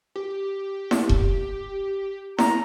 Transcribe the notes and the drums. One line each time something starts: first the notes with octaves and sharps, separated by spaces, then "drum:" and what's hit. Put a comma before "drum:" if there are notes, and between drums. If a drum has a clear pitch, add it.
G4
drum: snare E4
drum: kick E1
A#5, drum: snare E4